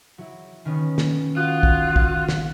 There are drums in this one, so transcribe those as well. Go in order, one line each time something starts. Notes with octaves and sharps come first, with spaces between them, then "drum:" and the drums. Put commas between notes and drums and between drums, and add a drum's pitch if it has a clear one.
F#3 E4
D#3 B3 C#4
drum: snare
F4 F#4 D#6 F#6
drum: kick
drum: kick
drum: snare